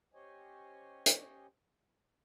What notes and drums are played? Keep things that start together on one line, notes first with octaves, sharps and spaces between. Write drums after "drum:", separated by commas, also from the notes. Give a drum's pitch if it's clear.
C#4 G4 C5 C#5 D#5 G#5
drum: hi-hat